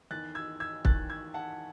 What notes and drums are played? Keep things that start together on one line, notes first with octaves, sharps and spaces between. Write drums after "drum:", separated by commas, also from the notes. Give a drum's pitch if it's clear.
E2 D#3 F#6 A6
E6 G#6
E6 G#6
E2 D#3 F#6 A6, drum: kick
E6 G#6
F#5 A5